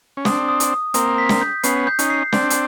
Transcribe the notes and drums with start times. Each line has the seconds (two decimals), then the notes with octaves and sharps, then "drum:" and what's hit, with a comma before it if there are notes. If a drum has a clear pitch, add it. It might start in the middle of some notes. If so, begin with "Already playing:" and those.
0.17 C#4
0.25 C4 D4 D#6, drum: snare
0.49 D#6
0.60 drum: hi-hat
0.71 D#6
0.94 A#3 C4 D#6, drum: hi-hat
1.18 B6
1.29 drum: snare
1.41 G6
1.63 B3 C#4 C7, drum: hi-hat
1.87 G6
1.99 C#4 D#4, drum: hi-hat
2.10 C7
2.32 C4 D4 G6, drum: snare
2.50 drum: hi-hat